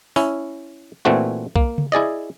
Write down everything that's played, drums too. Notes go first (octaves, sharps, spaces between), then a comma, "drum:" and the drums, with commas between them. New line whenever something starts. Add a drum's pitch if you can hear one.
C#4 E4, drum: open hi-hat
A#2 E3 A3 C4 F#4
A#3, drum: kick B1
drum: tom C#3
E4 G#4 D5 D#5